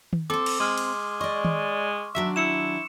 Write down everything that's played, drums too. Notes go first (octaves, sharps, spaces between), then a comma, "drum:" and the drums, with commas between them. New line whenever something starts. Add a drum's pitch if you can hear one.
drum: tom D#3
C4 A4 C5 D6
drum: cymbal
G#3 C6 F6
drum: cymbal
D5 D#5 C#6
drum: tom D#3
D#3 F#3 D4 E5
E4 E6 C#7 E7